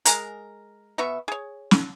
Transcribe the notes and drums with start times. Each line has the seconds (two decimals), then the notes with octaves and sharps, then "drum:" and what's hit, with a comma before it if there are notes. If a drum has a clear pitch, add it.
0.05 G#3 G#4 A#4, drum: hi-hat
0.98 B2 B3 E5 C#6
1.28 G#4 C#5
1.71 drum: snare